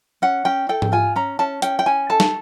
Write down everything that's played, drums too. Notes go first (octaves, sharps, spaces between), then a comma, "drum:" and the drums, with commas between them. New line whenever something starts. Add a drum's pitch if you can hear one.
C#4 F#5
C#4 G5
A4 G5
drum: tom G#2
F4 G#5
C#4 A#5
C#4 A5
C#4 G5, drum: hi-hat
G5
C#4 G#5
A4 A5
drum: snare